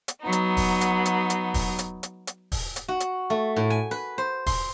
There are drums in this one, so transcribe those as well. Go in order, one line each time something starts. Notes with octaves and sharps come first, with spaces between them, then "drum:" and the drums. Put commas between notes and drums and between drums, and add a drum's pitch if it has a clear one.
drum: hi-hat
F#3 B3 D#4
drum: hi-hat
drum: kick, open hi-hat
drum: hi-hat
drum: hi-hat
drum: hi-hat
drum: kick, open hi-hat
drum: hi-hat
drum: hi-hat
drum: hi-hat
drum: kick, open hi-hat
drum: hi-hat
F#4
drum: hi-hat
A3
A2
G#5
B4
C5
C6, drum: kick, open hi-hat